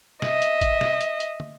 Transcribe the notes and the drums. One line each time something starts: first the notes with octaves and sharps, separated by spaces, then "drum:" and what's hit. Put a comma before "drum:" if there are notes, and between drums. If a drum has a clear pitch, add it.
D#5 E5, drum: snare
drum: hi-hat
drum: kick, hi-hat
drum: snare
drum: hi-hat
drum: hi-hat
drum: tom